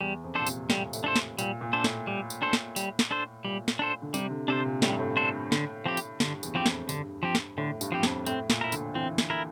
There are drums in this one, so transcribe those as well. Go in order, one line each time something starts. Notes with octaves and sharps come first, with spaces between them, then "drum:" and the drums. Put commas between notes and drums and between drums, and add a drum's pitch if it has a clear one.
E2 G3
F2
A#2 D4 A4 C5
C3, drum: tambourine
A2 G3, drum: snare
A2, drum: tambourine
D4 A4 C5
drum: snare
A#2 G3, drum: tambourine
A#2
D4 A4 C5
A2, drum: snare
G3
drum: tambourine
D4 A4 C5
drum: snare
G3, drum: tambourine
drum: snare
D4 A4 C5
A#2 G3
drum: snare
D4 A4 C5
D3
C3 G3, drum: tambourine
D3
C3 D4 A4 C5
A#2
A2 G3, drum: snare
G2
A2
D4 A4 C5
D3, drum: snare
F3 C4 G4
drum: tambourine
G2 D3, drum: snare
E2, drum: tambourine
F3 C4 G4
F2, drum: snare
G2 D3, drum: tambourine
F3 C4 G4
drum: snare
A2 D3
G2, drum: tambourine
F3 C4 G4
F2, drum: snare
A2 C4, drum: tambourine
A#2, drum: snare
E4 A#4
D3, drum: tambourine
E3 C4
drum: snare
E4 A#4